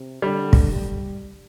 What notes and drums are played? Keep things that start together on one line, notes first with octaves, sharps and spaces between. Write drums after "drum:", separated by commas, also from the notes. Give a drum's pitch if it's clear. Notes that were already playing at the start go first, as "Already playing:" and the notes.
Already playing: C3
D3 G3
drum: kick
G3